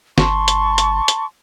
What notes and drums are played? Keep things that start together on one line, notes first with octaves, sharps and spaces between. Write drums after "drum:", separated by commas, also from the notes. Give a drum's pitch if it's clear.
G1 A5 C6 C#6, drum: snare
drum: hi-hat
drum: hi-hat
drum: hi-hat